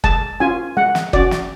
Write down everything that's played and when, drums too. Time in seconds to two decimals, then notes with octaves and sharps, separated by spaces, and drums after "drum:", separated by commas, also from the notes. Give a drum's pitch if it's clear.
0.04 G#3 A5, drum: kick F#1
0.40 C#4 F4 G#5
0.77 G#3 F#5
0.95 drum: snare
1.13 C#4 F#4 D5, drum: kick F#1
1.31 drum: snare